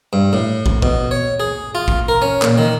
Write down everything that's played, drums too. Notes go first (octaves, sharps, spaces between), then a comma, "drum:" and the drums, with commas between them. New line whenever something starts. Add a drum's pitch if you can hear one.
G2
A2
drum: kick
B2, drum: kick
C#5
G#4
F4
drum: kick
A#4
C#4
A#2, drum: clap
D#3